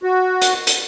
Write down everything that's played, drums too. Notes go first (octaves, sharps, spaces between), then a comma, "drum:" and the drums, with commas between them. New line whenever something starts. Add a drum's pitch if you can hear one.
F#4
drum: hi-hat
drum: hi-hat